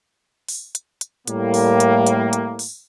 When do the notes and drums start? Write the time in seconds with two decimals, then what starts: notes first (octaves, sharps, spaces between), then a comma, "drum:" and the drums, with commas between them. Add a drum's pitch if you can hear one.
0.49 drum: open hi-hat
0.75 drum: hi-hat
1.01 drum: hi-hat
1.28 A2 G3 A#3, drum: hi-hat
1.54 drum: open hi-hat
1.80 drum: hi-hat
2.07 drum: hi-hat
2.33 drum: hi-hat
2.59 drum: open hi-hat